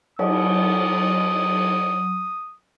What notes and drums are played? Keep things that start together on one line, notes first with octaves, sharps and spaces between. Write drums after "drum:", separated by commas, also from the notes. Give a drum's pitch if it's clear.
F#3 D#6, drum: cymbal